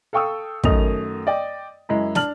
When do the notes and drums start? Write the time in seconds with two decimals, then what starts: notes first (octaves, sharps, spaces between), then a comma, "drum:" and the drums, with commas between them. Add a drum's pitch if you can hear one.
0.13 A4 F5 G5 C#6 D#6 E6
0.64 F#2 D#3 A3 D#5 D#6 F7, drum: kick
1.27 D5 D#5 G5
1.89 F#2 G#3 E4 A#5
2.15 D4 A5 F6 F#7, drum: snare